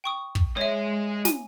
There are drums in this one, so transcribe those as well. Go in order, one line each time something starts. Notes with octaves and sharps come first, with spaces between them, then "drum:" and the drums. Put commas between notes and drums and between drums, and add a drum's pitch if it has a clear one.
G5 C#6 D#6
drum: kick
G#3 C#5 D#5 E5
G#5, drum: snare